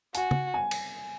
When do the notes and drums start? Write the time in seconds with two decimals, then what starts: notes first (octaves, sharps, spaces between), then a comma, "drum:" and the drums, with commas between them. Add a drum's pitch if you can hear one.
0.15 F#4 G#5, drum: hi-hat
0.31 drum: tom
0.54 G#5
0.71 drum: cymbal